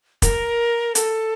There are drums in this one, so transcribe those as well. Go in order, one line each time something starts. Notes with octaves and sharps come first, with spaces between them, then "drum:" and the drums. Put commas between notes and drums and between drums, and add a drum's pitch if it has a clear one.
A#4, drum: kick, hi-hat
A4, drum: hi-hat